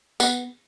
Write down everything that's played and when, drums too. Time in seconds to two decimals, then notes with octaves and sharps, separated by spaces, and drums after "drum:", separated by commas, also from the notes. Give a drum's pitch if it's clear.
0.20 B3, drum: tambourine